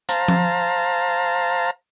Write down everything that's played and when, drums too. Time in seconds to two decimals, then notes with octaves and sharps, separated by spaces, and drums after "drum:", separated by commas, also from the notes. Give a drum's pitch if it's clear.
0.09 C5 F5 A5 A#5, drum: hi-hat
0.28 drum: tom F3